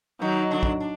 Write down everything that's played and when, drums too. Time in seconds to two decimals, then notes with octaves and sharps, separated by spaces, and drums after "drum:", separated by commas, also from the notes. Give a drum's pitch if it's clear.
0.21 D#3 F#3 D#4
0.51 D3 D4
0.63 drum: kick
0.80 D4